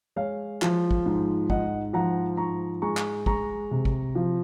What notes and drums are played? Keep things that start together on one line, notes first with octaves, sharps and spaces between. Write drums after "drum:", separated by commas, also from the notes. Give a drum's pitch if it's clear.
G#3 C#5 F5
F3, drum: clap
drum: kick
G#2
G#2 D#5 F#5, drum: kick
F3 F#5 A#5
G#2 A#5 C#6
G#3 A#5 C#6
drum: clap
G#3 A#5 C#6, drum: kick
C3
drum: kick
F3